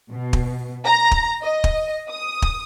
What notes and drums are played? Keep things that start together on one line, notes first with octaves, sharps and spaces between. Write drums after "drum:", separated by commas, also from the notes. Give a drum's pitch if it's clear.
B2
drum: kick
A#5
drum: kick
D#5
drum: kick
D#6
drum: kick